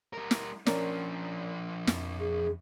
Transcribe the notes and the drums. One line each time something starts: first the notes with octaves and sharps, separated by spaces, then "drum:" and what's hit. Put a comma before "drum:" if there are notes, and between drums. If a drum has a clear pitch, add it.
G3 A#4
drum: snare
F3 C#4 D4 A#4 D5, drum: snare
F2, drum: snare
G#4